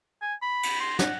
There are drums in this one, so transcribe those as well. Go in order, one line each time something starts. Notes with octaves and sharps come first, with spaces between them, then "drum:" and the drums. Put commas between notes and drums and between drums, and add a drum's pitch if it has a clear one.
G#5
B5
drum: cymbal
C6
F#5, drum: snare